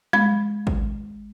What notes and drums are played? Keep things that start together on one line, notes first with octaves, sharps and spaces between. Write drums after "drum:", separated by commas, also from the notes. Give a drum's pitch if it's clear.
G#3 B5, drum: tom
drum: kick G#1